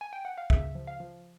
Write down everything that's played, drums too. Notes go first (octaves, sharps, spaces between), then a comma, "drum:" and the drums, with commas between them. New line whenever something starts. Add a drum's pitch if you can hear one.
G#5
G5
F#5
F5
C#3 E5, drum: kick
F3
F5
F3